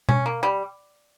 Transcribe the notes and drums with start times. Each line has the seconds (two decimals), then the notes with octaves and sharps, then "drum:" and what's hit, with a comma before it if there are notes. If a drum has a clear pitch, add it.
0.09 C#4, drum: tom B2
0.26 A#3
0.43 G3